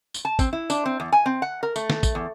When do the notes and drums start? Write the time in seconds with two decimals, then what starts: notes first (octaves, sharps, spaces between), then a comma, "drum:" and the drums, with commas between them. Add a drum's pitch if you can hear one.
0.14 drum: tambourine
0.25 A5
0.39 C4, drum: kick, tambourine
0.53 E4
0.70 D4, drum: tambourine
0.85 C4
1.00 E2
1.12 G#5
1.26 C4
1.42 F#5
1.63 A#4
1.76 A3, drum: tambourine
1.90 drum: snare
2.03 drum: kick, tambourine
2.15 E2